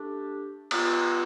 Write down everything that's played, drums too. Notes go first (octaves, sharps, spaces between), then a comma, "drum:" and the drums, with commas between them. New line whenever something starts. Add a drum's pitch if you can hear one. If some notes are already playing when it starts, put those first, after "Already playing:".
Already playing: A3 D4 G4
G3 B3 F4 B4, drum: cymbal